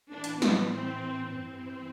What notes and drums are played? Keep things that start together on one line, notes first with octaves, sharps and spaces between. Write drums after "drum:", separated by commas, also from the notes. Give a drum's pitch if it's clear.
A2 E3 D4
drum: hi-hat
B3, drum: snare
C4
G2 E3 C4